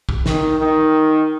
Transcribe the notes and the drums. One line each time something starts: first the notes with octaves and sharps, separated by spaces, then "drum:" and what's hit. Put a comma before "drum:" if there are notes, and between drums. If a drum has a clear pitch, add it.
drum: kick A#1
D#3, drum: snare
D#3